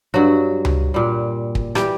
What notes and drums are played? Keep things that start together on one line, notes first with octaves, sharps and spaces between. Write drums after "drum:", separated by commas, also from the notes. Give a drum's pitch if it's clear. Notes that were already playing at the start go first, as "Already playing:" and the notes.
G2 F#3 F#4
drum: tom C#2
A#2 G3
drum: kick
E3 G3 G4, drum: rim click